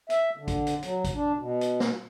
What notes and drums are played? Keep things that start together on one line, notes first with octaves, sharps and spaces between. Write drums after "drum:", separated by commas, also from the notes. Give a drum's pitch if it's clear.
E5, drum: hi-hat
D3
drum: kick A1, hi-hat
drum: hi-hat
F#3, drum: hi-hat
drum: kick A1, hi-hat
D4
B2
drum: hi-hat
drum: snare